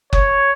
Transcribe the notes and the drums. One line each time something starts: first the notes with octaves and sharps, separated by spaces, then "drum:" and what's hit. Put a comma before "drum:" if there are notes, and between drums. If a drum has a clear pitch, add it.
C#5, drum: kick F#1